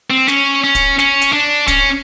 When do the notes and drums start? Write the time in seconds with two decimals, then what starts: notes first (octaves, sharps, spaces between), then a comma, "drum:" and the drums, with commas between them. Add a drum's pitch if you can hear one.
0.10 C4
0.28 C#4, drum: snare
0.64 C#4
0.75 drum: kick, hi-hat
0.99 C#4, drum: snare
1.21 drum: hi-hat
1.32 D4
1.68 C#4, drum: kick, hi-hat